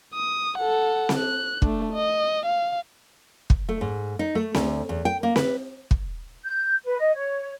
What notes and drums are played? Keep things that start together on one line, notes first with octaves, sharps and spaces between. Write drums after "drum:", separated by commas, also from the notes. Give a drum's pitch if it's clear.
D#6
A4 F#5
drum: snare C4
F#6
A3 D4, drum: kick
D#5
F5
drum: kick
A3
G#2
D#4
A3
D2, drum: snare C4
E2
G5
A#3
B4, drum: snare C4
drum: kick
G6
B4
D#5
C#5